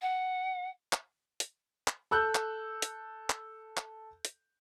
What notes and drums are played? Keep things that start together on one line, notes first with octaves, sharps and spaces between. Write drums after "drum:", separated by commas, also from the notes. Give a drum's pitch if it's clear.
F#5
drum: clap
drum: hi-hat
drum: clap
A4 E6 F#6 G6
drum: clap
drum: hi-hat
drum: clap
drum: clap
drum: hi-hat